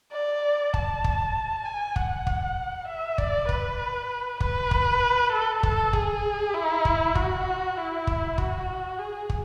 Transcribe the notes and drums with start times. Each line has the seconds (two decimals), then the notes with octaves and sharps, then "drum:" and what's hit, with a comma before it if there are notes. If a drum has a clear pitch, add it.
0.13 D5
0.74 A5, drum: kick
1.04 drum: kick
1.65 G#5
1.96 F#5, drum: kick
2.27 drum: kick
2.88 E5
3.18 D5, drum: kick
3.49 B4, drum: kick
4.40 B4, drum: kick
4.71 drum: kick
5.32 A4
5.63 A4, drum: kick
5.93 G#4, drum: kick
6.54 E4
6.85 drum: kick
7.15 F#4, drum: kick
7.77 E4
8.07 drum: kick
8.38 F#4, drum: kick
8.99 G#4
9.30 drum: kick